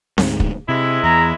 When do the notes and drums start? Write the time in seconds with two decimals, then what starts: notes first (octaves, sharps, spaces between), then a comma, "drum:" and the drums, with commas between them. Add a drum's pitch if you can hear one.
0.18 D2 G#2, drum: snare C4
0.40 drum: kick
0.69 C3 G#3 E4
1.04 E2 A#5